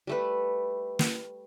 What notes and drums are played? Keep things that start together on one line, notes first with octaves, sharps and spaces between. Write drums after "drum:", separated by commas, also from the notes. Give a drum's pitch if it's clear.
G3 A3 B4
drum: snare